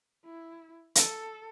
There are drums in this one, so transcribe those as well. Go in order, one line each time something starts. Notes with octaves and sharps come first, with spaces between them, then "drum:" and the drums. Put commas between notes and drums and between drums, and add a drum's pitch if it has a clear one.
E4
A4, drum: hi-hat